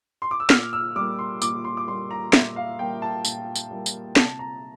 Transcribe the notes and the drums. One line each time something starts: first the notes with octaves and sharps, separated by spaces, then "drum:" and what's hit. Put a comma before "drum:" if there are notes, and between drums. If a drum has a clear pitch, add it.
C6
D6
E6
A#2 F6, drum: snare
E6
G3 A#3 D6
C6
A#2 D6, drum: tambourine
C6
D6
G3 A#3 C6
A#5
A#2 E5, drum: snare
F5
G3 A#3 G5
A5
A#2, drum: tambourine
drum: tambourine
G3 A#3
drum: tambourine
C3 A5, drum: snare
A#5